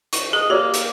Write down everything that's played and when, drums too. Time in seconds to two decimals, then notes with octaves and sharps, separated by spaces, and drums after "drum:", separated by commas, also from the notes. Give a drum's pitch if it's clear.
0.13 C#6, drum: hi-hat
0.33 G#4 D#5
0.50 A#3 F#4 G4 C#5 D5
0.74 drum: hi-hat